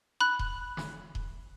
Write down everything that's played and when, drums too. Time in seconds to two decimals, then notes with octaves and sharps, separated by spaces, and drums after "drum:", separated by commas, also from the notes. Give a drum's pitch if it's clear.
0.20 B5 F#6
0.39 drum: kick D#1
0.77 drum: snare
1.15 drum: kick D#1